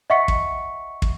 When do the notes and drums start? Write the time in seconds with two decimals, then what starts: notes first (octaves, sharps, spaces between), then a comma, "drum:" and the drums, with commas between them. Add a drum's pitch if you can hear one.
0.10 D#5 E5 F#5 C#6 B6 C#7
0.28 drum: kick
1.02 drum: kick